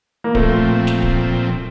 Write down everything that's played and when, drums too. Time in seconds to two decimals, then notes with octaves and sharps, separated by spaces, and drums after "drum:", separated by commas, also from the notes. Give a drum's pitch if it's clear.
0.24 A#3
0.35 A#2 F3 A3 C4, drum: kick D1
0.87 drum: snare
1.02 drum: kick D1